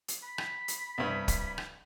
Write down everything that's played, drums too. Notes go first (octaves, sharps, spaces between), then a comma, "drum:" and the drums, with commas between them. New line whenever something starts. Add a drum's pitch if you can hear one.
drum: hi-hat
B5
drum: rim click
drum: hi-hat
C2 G2
drum: kick, hi-hat
drum: rim click